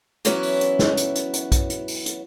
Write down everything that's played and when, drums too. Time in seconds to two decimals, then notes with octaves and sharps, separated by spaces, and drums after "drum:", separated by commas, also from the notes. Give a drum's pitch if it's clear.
0.25 E3 F#3 B3 C#4 E4 F#4, drum: hi-hat
0.43 drum: open hi-hat
0.61 drum: hi-hat
0.79 drum: snare
0.97 drum: hi-hat
1.15 drum: hi-hat
1.34 drum: hi-hat
1.52 drum: kick, hi-hat
1.70 drum: hi-hat
1.88 drum: open hi-hat
2.06 drum: hi-hat